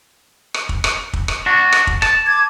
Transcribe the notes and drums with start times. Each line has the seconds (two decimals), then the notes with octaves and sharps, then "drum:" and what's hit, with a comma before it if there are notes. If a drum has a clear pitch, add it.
0.54 drum: rim click
0.69 drum: kick
0.84 drum: rim click
1.13 drum: kick
1.28 drum: rim click
1.46 D4 F#4
1.72 drum: rim click
1.87 drum: kick
2.02 A5, drum: rim click
2.26 D6 G#6